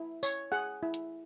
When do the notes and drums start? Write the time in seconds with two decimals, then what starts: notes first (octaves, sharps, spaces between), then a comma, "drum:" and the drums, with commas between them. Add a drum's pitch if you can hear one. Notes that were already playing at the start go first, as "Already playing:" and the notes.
Already playing: E4
0.23 C#5, drum: tambourine
0.52 G#4 F#5
0.83 E4
0.94 drum: hi-hat